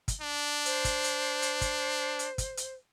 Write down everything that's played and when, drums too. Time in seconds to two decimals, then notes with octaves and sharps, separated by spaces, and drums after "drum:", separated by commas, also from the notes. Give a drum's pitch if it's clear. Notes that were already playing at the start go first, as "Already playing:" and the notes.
0.08 drum: kick, hi-hat
0.21 D4
0.65 C5, drum: hi-hat
0.85 drum: kick, hi-hat
1.04 drum: hi-hat
1.42 drum: hi-hat
1.61 drum: kick, hi-hat
2.19 drum: hi-hat
2.38 drum: kick, hi-hat
2.57 drum: hi-hat